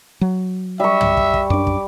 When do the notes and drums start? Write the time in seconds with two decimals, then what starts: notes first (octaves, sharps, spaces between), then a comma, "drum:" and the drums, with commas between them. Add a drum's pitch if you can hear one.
0.21 F#3
0.80 G3 E5 C#6
1.01 drum: tom
1.17 drum: kick
1.34 drum: kick
1.50 F#2 D4 D6
1.67 drum: kick